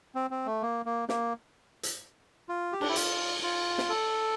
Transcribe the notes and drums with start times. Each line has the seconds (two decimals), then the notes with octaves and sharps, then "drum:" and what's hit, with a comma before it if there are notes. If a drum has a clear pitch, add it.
0.15 C4
0.31 C4
0.46 A3
0.62 A#3
0.86 A#3
1.09 A#3, drum: snare
1.83 drum: hi-hat
2.49 F4
2.72 G4
2.81 D4, drum: cymbal
2.89 E4
2.96 F4, drum: hi-hat
3.43 F4
3.78 drum: snare
3.89 A4